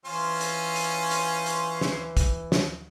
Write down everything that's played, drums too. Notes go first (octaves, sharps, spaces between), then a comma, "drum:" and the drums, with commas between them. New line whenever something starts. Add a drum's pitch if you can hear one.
E3 C#4 F4 C5
drum: hi-hat
drum: hi-hat
drum: hi-hat
drum: hi-hat
drum: snare
drum: kick, hi-hat
drum: snare